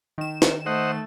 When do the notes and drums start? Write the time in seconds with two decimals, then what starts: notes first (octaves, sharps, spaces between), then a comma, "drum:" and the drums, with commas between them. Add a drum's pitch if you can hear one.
0.18 D#3 E7
0.42 drum: snare
0.66 A3 C5 D#5 F#5